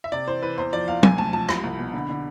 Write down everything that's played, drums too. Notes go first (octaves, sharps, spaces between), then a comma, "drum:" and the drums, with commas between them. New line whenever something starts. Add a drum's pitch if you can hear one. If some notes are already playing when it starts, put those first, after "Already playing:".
E5
C3 D5
E3 C5
E3 B4
E2 C5
F3 D5
E2 F5
C3 G#5, drum: tom F#3
D2 A5
F3 A5
C2 B5, drum: rim click
C2
B2
D3
D3